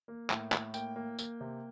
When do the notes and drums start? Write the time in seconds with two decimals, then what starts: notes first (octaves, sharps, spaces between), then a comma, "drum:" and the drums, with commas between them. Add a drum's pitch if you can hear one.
0.08 A#3
0.30 A2, drum: clap
0.52 A2, drum: clap
0.74 A#3 G5, drum: tambourine
0.96 A#3
1.19 A#3, drum: tambourine
1.41 C3